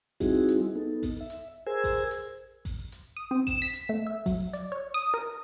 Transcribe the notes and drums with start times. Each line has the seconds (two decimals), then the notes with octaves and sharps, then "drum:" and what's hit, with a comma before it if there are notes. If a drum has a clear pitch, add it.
0.20 G3 C4 D#4 E4 F#4 G#4, drum: kick A1, open hi-hat
0.49 drum: hi-hat
0.76 B3 D#4 A4
1.03 drum: kick A1, open hi-hat
1.20 E5
1.30 drum: hi-hat
1.67 G#4 A#4 C5 G#5 E6 G#6
1.84 drum: kick A1, open hi-hat
2.11 drum: hi-hat
2.65 drum: kick A1, open hi-hat
2.92 drum: hi-hat
3.17 D#6
3.31 C4
3.47 E7, drum: kick A1, open hi-hat
3.62 B6
3.73 drum: hi-hat
3.89 A3
4.07 E5
4.26 F#3, drum: kick A1, open hi-hat
4.53 D5, drum: hi-hat
4.72 C#5
4.94 D#6
5.14 A#4